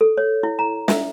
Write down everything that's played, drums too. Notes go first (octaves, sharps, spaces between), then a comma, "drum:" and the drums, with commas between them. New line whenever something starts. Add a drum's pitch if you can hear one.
A4
C#5
E4
A#5
E5, drum: snare